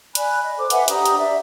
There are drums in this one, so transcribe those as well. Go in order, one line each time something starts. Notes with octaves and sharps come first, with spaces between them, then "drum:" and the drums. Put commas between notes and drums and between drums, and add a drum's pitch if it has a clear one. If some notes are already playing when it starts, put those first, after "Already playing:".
D5 G#5 B5 F#6, drum: hi-hat
D#5
A4 C5 D6
B4 E5 F#5 G#5, drum: hi-hat
D4 G4 A#5 D#6, drum: hi-hat
drum: hi-hat
D5 E5